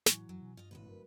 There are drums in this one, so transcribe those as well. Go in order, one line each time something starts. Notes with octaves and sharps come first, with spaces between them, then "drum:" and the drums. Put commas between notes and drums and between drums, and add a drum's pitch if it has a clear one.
A2 E3 F#3 G#5 C#6, drum: snare
F#2 F#3
B2
G2 F4 D#5
E1 A1 D2 A#2 B4
F#3 A#4